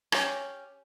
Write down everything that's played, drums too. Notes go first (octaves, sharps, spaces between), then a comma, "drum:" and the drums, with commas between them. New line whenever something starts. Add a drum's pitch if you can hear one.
C#4 G4, drum: rim click